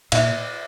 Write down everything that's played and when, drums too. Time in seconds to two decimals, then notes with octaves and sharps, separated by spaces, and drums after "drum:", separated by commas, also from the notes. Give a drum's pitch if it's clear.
0.12 A#2 E5, drum: cymbal